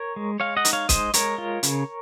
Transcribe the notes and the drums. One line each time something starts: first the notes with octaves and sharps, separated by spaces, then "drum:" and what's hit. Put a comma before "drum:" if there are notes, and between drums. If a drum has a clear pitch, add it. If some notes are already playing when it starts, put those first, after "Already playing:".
Already playing: A#4 C#5
G#3
G#3 C#5 F5
D#5 F#5
D#4, drum: hi-hat
C#5 F5
G#3 C5 D#5, drum: kick, hi-hat
G#3 A#4 C#5, drum: hi-hat
F4
C#3, drum: hi-hat